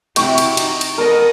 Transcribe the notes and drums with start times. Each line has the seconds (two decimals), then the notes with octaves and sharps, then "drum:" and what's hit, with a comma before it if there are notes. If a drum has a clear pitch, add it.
0.16 C3 E4 F#4 G5 C#6, drum: cymbal
0.38 drum: cymbal
0.57 D#4, drum: cymbal
0.81 drum: cymbal
0.98 B3 A4 A#4 D#5